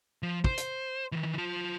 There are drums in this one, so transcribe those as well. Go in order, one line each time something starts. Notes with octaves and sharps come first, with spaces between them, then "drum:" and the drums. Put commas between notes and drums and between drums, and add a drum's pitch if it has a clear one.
F3
C5, drum: kick
drum: hi-hat
D#3 E3
F4 A5